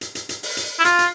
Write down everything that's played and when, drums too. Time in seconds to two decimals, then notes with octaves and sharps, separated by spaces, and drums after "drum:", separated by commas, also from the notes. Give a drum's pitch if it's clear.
0.01 drum: hi-hat
0.15 drum: hi-hat
0.29 drum: hi-hat
0.43 drum: open hi-hat
0.57 drum: hi-hat
0.80 E4
0.85 F4, drum: hi-hat
0.99 drum: hi-hat